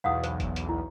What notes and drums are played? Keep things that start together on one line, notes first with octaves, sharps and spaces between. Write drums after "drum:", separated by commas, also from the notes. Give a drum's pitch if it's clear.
B1 E2 F5 F#5 D#6
C5, drum: hi-hat
drum: kick, hi-hat
drum: hi-hat
E4